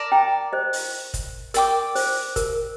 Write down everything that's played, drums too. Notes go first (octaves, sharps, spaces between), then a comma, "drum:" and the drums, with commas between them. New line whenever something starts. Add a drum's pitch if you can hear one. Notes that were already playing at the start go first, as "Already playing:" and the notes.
Already playing: A#4 D5 A5 D6
G5 A#5
C5 D#5
drum: open hi-hat
drum: kick, hi-hat
A#4 D5 G5 D6, drum: hi-hat
C5, drum: open hi-hat
A#4, drum: kick, hi-hat